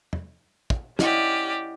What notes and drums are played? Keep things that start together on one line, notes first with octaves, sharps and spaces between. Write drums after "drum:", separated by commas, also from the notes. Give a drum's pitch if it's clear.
drum: tom
drum: kick
C#4 E4 G4 D5 D#5 F#5, drum: snare